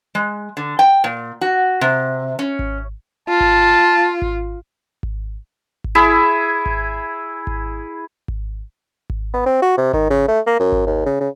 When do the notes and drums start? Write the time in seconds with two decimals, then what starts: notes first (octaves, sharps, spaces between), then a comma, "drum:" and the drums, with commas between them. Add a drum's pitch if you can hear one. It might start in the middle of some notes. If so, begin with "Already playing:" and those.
0.15 G#3
0.57 D3
0.79 G5
1.04 A#2
1.41 F#4
1.81 C3
2.39 C#4
2.59 drum: kick G#1
3.29 F4 A5
3.40 drum: kick G#1
4.22 drum: kick G#1
5.03 drum: kick G#1
5.84 drum: kick G#1
5.95 E4 G#4 E5
6.66 drum: kick G#1
7.47 drum: kick G#1
8.28 drum: kick G#1
9.10 drum: kick G#1
9.34 B3
9.46 C4
9.62 F#4
9.77 C3
9.93 D#3, drum: kick G#1
10.10 C#3
10.28 A3
10.46 A#3
10.59 F#2
10.72 drum: kick G#1
10.86 D#2
11.05 C#3
11.20 C#3